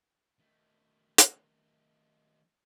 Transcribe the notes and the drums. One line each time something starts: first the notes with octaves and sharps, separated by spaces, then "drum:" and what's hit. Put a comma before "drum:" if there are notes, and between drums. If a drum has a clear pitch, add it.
D#3 A3
drum: hi-hat